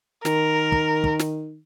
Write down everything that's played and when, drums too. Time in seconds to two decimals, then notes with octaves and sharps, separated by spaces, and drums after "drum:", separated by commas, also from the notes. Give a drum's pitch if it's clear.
0.25 D#3 A#4, drum: snare
0.72 drum: kick
1.04 drum: kick
1.19 drum: snare